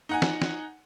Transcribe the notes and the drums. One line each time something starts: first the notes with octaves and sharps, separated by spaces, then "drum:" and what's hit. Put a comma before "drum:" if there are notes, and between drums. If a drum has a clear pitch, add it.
D#4 F#5 G#5
drum: snare
drum: snare